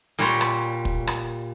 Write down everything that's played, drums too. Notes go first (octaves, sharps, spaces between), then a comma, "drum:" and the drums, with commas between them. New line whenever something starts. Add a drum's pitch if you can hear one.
A#2 G3 C5 C#5 A#5 C6
drum: rim click
drum: kick
drum: rim click